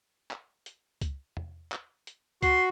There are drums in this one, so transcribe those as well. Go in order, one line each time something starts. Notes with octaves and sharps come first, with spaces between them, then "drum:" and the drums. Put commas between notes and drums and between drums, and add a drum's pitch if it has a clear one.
drum: clap
drum: hi-hat
drum: kick C#2, hi-hat
drum: tom E2
drum: clap
drum: hi-hat
F#4 C6, drum: kick C#2, hi-hat